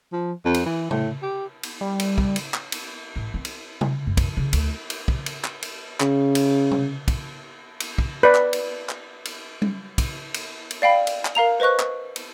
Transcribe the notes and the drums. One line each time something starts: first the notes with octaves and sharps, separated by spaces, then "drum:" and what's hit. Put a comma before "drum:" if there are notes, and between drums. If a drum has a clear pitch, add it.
F3
F2
drum: cymbal
E3
A2, drum: tom
G4
drum: cymbal
G3
drum: cymbal
drum: kick
drum: cymbal
drum: clap
drum: cymbal
A1
C4
drum: cymbal
drum: tom
F#2
drum: kick, cymbal
C#3
D2, drum: cymbal
drum: cymbal
drum: kick
drum: cymbal
drum: clap
drum: cymbal
C#3, drum: clap
drum: cymbal
drum: tom
drum: kick, cymbal
drum: cymbal
drum: kick
B4 D5
drum: clap
drum: cymbal
drum: clap
drum: cymbal
drum: tom G3
drum: kick, cymbal
drum: cymbal
drum: cymbal
D5 F5 G5 B5
drum: cymbal
drum: clap
A#4 F5 A#5 F7
B4 C5 D#5 C#6 F#6
drum: clap
drum: cymbal